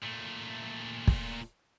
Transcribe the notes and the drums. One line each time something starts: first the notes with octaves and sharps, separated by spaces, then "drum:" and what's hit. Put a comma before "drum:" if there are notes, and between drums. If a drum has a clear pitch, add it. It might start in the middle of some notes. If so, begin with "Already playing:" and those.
A#2 A3
drum: kick